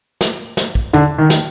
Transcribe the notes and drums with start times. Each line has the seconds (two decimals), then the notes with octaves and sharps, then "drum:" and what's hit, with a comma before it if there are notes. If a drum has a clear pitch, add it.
0.21 drum: snare
0.57 drum: snare
0.75 drum: kick
0.93 D3, drum: tom
1.18 D#3
1.30 drum: snare